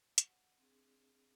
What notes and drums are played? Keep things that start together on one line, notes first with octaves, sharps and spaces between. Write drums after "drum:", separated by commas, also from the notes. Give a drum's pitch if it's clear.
F#5, drum: hi-hat
C4 D4 G#4